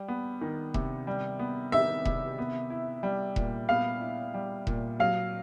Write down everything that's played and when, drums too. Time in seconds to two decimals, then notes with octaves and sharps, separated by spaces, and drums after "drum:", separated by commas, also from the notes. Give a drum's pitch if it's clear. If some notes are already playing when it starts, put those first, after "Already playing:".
Already playing: G3
0.08 B3
0.41 D#3
0.74 C3, drum: kick E1
1.07 G3
1.39 B3
1.72 D#3 E5
2.05 C3, drum: kick E1
2.38 B3
2.70 E4
3.03 G3
3.36 A#2, drum: kick E1
3.69 B3 F5
4.01 E4
4.34 G3
4.67 A#2, drum: kick E1
5.00 F#3 F5